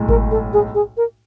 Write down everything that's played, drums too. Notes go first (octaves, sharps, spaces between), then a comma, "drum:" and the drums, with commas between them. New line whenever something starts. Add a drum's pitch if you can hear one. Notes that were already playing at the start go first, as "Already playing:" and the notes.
Already playing: B1 A2 G#3
A#4, drum: kick G#1
A4
G#4
G#4
A#4